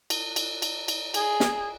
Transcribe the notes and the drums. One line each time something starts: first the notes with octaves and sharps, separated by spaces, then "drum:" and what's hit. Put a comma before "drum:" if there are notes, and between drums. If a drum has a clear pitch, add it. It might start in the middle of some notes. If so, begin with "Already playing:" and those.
drum: cymbal
drum: cymbal
drum: cymbal
drum: cymbal
G#4, drum: cymbal
drum: snare